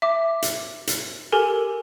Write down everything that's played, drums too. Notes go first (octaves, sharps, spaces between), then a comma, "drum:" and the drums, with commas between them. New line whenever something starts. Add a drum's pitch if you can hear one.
E5 D6
drum: hi-hat
drum: hi-hat
G4 A4 A#4 G#5